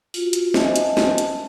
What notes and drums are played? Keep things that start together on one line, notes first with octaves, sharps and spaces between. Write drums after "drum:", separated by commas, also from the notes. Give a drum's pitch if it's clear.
F4 F#4, drum: open hi-hat
drum: hi-hat
C5 D#5 E5 G#5 A5, drum: snare
drum: hi-hat
drum: snare
drum: hi-hat